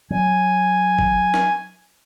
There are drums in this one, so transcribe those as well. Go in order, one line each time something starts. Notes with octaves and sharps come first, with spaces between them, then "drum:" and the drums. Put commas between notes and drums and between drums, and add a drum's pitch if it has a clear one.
F#3 G#5
drum: kick G1
drum: snare